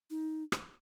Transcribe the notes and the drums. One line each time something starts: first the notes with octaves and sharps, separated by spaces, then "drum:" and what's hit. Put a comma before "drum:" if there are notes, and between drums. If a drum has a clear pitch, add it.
D#4
drum: rim click